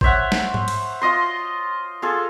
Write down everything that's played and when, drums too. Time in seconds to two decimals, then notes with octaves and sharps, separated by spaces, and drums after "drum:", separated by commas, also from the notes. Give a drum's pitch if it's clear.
0.01 C5 C#5 E5 F#5, drum: kick G#1
0.32 drum: snare
0.54 drum: tom G#2
0.68 drum: cymbal
1.02 F4 D#5 C6
2.02 F4 G#4 A4